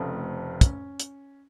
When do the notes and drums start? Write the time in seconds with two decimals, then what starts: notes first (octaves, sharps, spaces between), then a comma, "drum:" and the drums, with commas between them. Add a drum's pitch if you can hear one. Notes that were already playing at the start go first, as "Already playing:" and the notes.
Already playing: F1 F2 C#3 A3 C4
0.61 C#4, drum: kick, hi-hat
1.00 drum: hi-hat